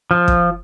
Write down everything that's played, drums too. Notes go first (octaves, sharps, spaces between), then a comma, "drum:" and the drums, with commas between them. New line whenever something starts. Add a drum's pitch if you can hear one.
F3
drum: kick